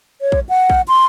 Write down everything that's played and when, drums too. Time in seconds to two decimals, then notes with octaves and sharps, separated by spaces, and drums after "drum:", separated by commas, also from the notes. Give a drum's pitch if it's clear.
0.21 C#5
0.32 drum: kick
0.49 F#5
0.70 drum: kick
0.88 C6